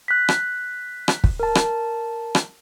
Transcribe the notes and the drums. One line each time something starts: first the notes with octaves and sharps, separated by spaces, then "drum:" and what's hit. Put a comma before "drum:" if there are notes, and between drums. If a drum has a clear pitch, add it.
F#6 B6
drum: rim click
drum: rim click
drum: kick
A#4 A5
drum: rim click
drum: rim click